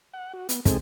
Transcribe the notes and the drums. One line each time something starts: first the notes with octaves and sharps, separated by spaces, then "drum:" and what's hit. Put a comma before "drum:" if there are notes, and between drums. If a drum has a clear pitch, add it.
F#5
F#4
B3, drum: hi-hat
C3 G#3 C4 D#4 G#4 A4, drum: kick, hi-hat